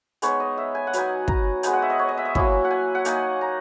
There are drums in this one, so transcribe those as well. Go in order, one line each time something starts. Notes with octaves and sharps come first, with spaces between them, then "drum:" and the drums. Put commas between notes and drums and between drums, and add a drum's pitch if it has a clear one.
G#3 B3 D#4 C#5, drum: hi-hat
D#5
E5
G#5
F#5
F#3 B3 D#4 G#5, drum: hi-hat
A#5, drum: kick
G#3 B3 D#4 G#5, drum: hi-hat
F#5
E5
D#5
C#5
D#5
E5
D#5
F#3 A#3 C#4 E4 E5, drum: kick
F#5
G#5
F#5
A#3 D#4 G#5, drum: hi-hat
A#5